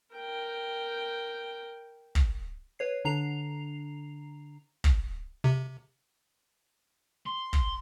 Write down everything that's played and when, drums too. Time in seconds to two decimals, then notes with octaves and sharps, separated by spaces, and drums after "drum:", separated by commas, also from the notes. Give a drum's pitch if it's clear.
0.15 A#4 G5
2.15 drum: kick
2.79 B4 C#5 C7
3.05 D3 D4 A#5 C7 F7
4.84 drum: kick
5.44 C3
7.26 C6
7.53 drum: kick